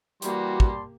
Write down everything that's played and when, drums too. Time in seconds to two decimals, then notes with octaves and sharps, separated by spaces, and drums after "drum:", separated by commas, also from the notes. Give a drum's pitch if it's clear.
0.22 E3 G3 A#3 F#4 G4 D5 A5 C6, drum: hi-hat
0.60 drum: kick